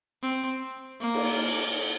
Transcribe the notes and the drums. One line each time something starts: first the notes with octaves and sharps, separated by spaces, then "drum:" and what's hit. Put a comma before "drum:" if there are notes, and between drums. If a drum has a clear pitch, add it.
C4
A#3
drum: cymbal